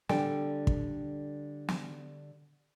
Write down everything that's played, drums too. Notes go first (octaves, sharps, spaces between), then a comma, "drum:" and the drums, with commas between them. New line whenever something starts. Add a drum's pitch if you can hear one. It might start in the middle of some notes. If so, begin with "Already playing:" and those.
D3 G3 A4 G5, drum: snare
drum: kick
drum: snare